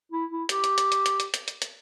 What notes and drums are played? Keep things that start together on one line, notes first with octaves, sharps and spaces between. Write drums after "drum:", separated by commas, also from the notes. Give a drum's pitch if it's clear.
E4
E4
G4, drum: hi-hat
drum: hi-hat
drum: hi-hat
drum: hi-hat
drum: hi-hat
drum: hi-hat
drum: hi-hat
drum: hi-hat
drum: hi-hat